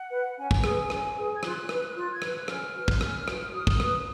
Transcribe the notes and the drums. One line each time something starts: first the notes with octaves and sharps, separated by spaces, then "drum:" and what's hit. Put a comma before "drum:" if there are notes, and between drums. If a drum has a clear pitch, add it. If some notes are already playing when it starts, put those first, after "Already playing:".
Already playing: F#5
B4
C#4 G#5
drum: kick
G#4 B4, drum: rim click
C#4, drum: rim click
G#4 B4
G#6
F4 F#6, drum: rim click
B4, drum: rim click
F4 F#6
G#6
B4, drum: rim click
F#6
C#4 F6, drum: rim click
F#4 B4
drum: kick
C#4, drum: rim click
F#4 B4, drum: rim click
F#4 D#6
drum: kick
B4, drum: rim click